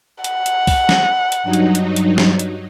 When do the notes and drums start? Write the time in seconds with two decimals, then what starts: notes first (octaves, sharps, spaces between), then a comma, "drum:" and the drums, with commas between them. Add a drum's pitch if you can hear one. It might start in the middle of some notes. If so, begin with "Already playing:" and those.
0.24 F#5, drum: hi-hat
0.46 drum: hi-hat
0.67 drum: kick C2, open hi-hat
0.89 drum: snare
1.32 drum: hi-hat
1.43 G2 F#3 D#4
1.53 drum: hi-hat
1.75 drum: hi-hat
1.96 drum: hi-hat
2.18 drum: snare
2.39 drum: hi-hat